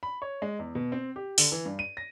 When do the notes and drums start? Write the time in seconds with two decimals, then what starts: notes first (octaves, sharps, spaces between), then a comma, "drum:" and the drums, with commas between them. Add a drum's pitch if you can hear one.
0.03 B5
0.22 C#5
0.42 G#3
0.59 E2
0.75 B2
0.92 C4
1.16 G4
1.38 D3, drum: open hi-hat
1.52 E3
1.65 G2
1.79 D#7
1.97 A#6